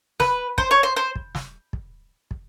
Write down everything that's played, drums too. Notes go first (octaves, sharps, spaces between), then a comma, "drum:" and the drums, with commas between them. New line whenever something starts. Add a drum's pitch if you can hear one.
B4, drum: snare
C5, drum: kick
C#5
C5
C5
drum: kick
drum: snare
drum: kick
drum: kick